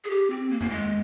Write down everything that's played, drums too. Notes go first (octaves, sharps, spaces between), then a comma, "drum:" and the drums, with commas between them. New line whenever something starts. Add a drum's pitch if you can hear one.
G#4
G4
C4
A#3
A#3, drum: tom F#2
G#3